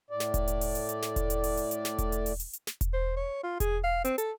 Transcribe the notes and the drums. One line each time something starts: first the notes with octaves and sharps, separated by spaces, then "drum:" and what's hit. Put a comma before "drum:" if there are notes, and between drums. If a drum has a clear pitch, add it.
A2 D5
drum: snare
drum: kick E1, hi-hat
drum: hi-hat
drum: open hi-hat
drum: hi-hat
drum: hi-hat
drum: snare
drum: kick E1, hi-hat
drum: hi-hat
drum: open hi-hat
drum: hi-hat
drum: hi-hat
drum: snare
drum: kick E1, hi-hat
drum: hi-hat
drum: open hi-hat
drum: hi-hat
drum: hi-hat
drum: snare
drum: kick E1, hi-hat
C5
C#5
F4
G#4, drum: kick E1, hi-hat
F5
C4, drum: hi-hat
A4, drum: hi-hat